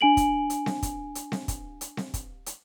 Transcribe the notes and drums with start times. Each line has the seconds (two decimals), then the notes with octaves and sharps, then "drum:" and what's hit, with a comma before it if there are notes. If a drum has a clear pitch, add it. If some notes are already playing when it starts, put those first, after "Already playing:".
0.01 D4 G#5 D7 F#7
0.17 drum: kick, hi-hat
0.50 drum: hi-hat
0.66 drum: snare C4
0.83 drum: kick, hi-hat
1.15 drum: hi-hat
1.32 drum: snare C4
1.48 drum: kick, hi-hat
1.81 drum: hi-hat
1.97 drum: snare C4
2.14 drum: kick, hi-hat
2.46 drum: hi-hat